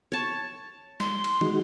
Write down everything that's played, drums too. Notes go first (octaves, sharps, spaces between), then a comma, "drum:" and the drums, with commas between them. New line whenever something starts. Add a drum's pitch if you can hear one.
C#5 A5
C6, drum: snare
drum: cymbal
G#3 D#4 F#4, drum: tom